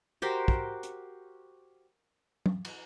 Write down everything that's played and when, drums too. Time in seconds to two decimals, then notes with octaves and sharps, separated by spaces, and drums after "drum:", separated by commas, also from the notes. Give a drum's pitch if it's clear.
0.22 F#4 G4 A#4 C5
0.48 drum: kick
0.83 drum: hi-hat
2.46 drum: tom
2.65 drum: cymbal